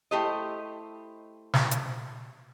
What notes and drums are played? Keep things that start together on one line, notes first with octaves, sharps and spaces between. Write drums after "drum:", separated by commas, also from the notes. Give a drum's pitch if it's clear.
A3 E4 G4 C5 D#5
drum: snare
drum: hi-hat